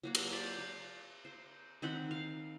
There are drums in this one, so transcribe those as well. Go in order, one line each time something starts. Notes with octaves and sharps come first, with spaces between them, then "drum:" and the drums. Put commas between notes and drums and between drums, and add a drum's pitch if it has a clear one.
F#3 A#3 F#4
drum: cymbal
C5 D5 B5
F5
C5
D#3 C4 F#5 B5
F5